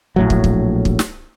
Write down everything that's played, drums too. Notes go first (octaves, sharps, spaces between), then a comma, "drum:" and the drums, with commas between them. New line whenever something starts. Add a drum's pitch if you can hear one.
A#1 A2 F#3
drum: kick
drum: kick
drum: kick
drum: snare